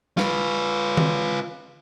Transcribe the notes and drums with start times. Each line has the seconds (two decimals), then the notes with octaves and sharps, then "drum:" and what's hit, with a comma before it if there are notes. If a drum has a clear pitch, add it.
0.17 F4 B4, drum: snare
0.97 drum: tom D#3